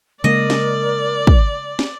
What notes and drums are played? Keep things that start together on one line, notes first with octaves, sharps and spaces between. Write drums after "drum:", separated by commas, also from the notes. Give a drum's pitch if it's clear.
C#3 G#3 A#3 A#4 D5 D#5
drum: snare
drum: kick
drum: snare